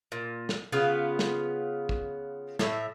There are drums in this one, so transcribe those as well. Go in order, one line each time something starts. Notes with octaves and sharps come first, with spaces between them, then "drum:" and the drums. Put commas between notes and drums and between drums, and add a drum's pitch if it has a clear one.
A#2
drum: snare
C#3 B3 F4 B4
drum: snare
drum: kick
A2 E5, drum: snare